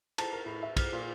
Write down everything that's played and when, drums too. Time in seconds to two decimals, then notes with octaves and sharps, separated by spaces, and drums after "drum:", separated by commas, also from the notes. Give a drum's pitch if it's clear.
0.18 A5, drum: cymbal
0.33 A#4
0.46 A2
0.63 E5
0.77 F6, drum: kick, cymbal
0.93 A#2